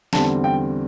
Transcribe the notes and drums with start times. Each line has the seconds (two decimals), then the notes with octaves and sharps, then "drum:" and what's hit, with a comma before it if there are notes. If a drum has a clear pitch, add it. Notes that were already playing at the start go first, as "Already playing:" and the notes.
0.13 E2 D3 G3 C4 A5, drum: snare
0.44 G5